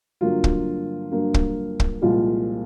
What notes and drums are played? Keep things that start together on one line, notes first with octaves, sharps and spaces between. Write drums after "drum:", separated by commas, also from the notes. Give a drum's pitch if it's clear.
G2 D3 F#3 A#3 F4
drum: kick
G2 D3 F#3 A#3
drum: kick
drum: kick
C2 A#2 F3 G#3 F4